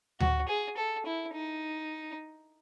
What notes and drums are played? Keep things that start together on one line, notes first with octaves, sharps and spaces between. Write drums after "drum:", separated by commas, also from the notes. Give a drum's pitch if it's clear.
F#4, drum: tom D2
G#4
A4
E4
D#4